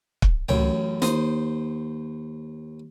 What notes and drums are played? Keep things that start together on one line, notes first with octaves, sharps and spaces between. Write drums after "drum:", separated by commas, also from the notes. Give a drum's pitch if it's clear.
drum: kick
A1 F#2 C#5 G5, drum: tom C#2
D#2 C5 D#6, drum: snare